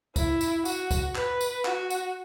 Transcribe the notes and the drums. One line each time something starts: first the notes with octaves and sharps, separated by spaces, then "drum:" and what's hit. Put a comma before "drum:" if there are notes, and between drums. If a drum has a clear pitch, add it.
E4, drum: kick C#2, tambourine
drum: tambourine
F#4, drum: tambourine
drum: kick C#2, tambourine
B4, drum: clap
drum: tambourine
F#4, drum: clap
drum: tambourine